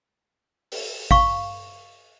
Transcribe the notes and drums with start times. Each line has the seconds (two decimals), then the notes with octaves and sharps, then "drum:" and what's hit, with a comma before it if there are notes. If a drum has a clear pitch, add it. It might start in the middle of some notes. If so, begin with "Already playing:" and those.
0.72 drum: open hi-hat
1.11 F5 C#6, drum: kick G#1